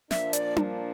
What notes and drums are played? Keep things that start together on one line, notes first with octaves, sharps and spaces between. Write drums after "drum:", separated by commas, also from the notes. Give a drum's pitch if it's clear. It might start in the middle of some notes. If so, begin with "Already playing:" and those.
A#2 F3 A#3 D4 E5, drum: snare
D5, drum: hi-hat
drum: tom D4